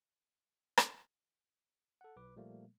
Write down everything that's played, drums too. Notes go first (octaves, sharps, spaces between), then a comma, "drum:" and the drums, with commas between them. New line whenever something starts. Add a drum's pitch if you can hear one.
drum: rim click
A4 F#5
B1 B4 D6
A#2 F3 G3 A3 A#3